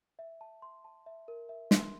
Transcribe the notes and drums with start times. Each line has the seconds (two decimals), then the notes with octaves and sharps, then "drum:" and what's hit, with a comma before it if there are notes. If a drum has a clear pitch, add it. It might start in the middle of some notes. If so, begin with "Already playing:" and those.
0.19 E5
0.41 A5
0.62 C6
0.84 A5
1.06 E5
1.28 A#4
1.49 E5
1.71 C6, drum: snare